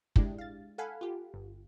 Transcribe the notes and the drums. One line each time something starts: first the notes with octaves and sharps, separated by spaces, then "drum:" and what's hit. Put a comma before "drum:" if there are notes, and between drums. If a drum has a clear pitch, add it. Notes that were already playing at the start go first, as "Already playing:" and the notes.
G#3 D4 E4 G4, drum: kick
F5 A6
A4 F5 F#5 G#5 B5
F4 G4
G1